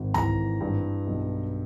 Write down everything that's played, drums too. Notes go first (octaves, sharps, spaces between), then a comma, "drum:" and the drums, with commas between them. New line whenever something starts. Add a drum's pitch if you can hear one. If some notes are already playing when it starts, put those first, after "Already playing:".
Already playing: G#1
E3 A#5, drum: tom C2
G2
B1